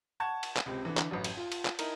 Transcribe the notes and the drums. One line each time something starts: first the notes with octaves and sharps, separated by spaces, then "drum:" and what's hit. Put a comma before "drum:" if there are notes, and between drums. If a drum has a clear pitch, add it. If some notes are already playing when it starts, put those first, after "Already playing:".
F#5 A5 C#6 G#6
drum: cymbal
drum: clap
C#2 C3 C4
D3 E3
drum: clap
A1 F#2
drum: cymbal
F4
drum: cymbal
drum: clap
D#4 E4 A#4, drum: cymbal